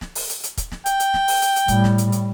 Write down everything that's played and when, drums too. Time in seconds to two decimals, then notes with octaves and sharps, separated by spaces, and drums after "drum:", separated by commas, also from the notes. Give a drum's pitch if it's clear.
0.01 drum: snare
0.15 drum: open hi-hat
0.29 drum: hi-hat
0.43 drum: hi-hat
0.57 drum: kick, hi-hat
0.72 drum: snare
0.86 G5, drum: hi-hat
1.00 drum: hi-hat
1.14 drum: snare
1.28 drum: open hi-hat
1.42 drum: hi-hat
1.56 drum: hi-hat
1.68 A2 G3, drum: kick, hi-hat
1.84 drum: snare
1.98 drum: hi-hat
2.12 drum: hi-hat